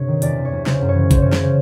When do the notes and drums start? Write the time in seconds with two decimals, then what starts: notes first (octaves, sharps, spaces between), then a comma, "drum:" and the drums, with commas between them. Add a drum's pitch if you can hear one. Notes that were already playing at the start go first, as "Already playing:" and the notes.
Already playing: G2 C3 A4 C#5
0.08 D#3
0.22 E2 D5, drum: hi-hat
0.37 C3
0.45 C#5
0.52 E2
0.66 C#3 C5, drum: snare
0.81 F#2
0.89 C#5
0.95 E3
1.11 F#2 C5, drum: kick A1, hi-hat
1.22 C#3 C#5
1.33 C#5, drum: snare
1.44 C5